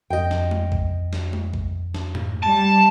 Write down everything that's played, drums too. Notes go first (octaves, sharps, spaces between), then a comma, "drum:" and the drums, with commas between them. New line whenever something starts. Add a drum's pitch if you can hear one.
F2 D#5 G5
drum: snare
drum: tom G#3
drum: kick A1
drum: snare
drum: tom G#3
drum: kick A1
drum: snare
drum: tom G#2
G3 A5